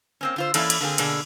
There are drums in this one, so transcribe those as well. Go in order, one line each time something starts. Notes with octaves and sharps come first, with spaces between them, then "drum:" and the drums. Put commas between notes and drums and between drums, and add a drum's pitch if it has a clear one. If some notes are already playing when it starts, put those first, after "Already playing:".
A#3 C4 C#4
D3 F4 C5
E3 A#3 C#4 E4 A4 D5, drum: cymbal
drum: cymbal
D3 A#3 C4 G#4
B2 D3 A#3 D4 G#4, drum: cymbal